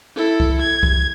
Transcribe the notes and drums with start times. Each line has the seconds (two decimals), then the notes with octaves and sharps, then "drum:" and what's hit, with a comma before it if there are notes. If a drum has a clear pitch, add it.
0.16 E4 A4
0.40 drum: kick C2
0.61 G#6
0.83 drum: kick C2